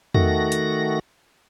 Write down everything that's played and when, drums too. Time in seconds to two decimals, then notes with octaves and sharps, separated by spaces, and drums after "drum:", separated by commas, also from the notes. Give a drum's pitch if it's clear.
0.15 D#3 A3 F#4 A#6, drum: tom E2
0.52 drum: hi-hat